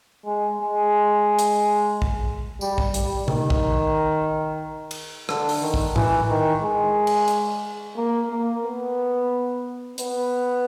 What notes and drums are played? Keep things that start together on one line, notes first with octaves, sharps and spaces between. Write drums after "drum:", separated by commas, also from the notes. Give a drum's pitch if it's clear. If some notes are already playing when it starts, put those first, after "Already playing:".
G#3
G#3
drum: hi-hat
drum: kick A#1
G3, drum: tambourine
drum: kick A#1
G3, drum: hi-hat
D#3, drum: tom C3
drum: kick A#1
drum: cymbal
D3, drum: rim click
drum: open hi-hat
D#3
drum: kick A#1
E3, drum: tom A2
D#3
G#3
drum: cymbal
drum: hi-hat
A#3
A#3
B3
B3, drum: hi-hat